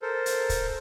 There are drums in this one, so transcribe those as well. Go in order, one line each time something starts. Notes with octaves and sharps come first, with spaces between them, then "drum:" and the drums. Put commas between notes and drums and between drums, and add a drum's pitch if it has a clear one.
A4 A#4 C5
drum: hi-hat
drum: kick, hi-hat